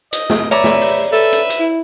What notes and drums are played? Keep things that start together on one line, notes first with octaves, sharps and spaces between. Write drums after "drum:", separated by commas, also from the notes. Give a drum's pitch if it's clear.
D#5, drum: hi-hat
drum: snare
B4 C#5 D5 E5 A#5
drum: snare
drum: open hi-hat
A4 B4 E5
drum: hi-hat
drum: hi-hat
E4